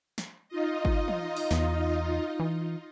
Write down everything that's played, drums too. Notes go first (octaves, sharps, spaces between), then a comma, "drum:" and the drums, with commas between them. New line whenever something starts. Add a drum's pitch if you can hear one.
drum: snare
D#4 F4 D#5
drum: kick
drum: tom E3
drum: open hi-hat
E2, drum: snare
E3